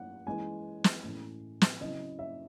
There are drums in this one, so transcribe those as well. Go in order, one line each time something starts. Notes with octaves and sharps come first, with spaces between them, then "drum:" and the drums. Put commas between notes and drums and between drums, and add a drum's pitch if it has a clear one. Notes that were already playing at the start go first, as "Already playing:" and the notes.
Already playing: F#3 A3 C#4 E4 F#5
E3 G#3 C#4 G#5
drum: snare
A2 E3 A3 C#4
drum: snare
C#3 F#3 C4 E4 D#5
E5